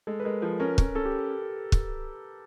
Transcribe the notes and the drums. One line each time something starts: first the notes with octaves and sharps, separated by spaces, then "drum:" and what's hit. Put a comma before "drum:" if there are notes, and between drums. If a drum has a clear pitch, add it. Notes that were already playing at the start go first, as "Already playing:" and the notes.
G#3 A4
B4
G#3 A#4
F3 B4
C#4 A#4
C#4 A#4, drum: kick
C#4 A4
G4
drum: kick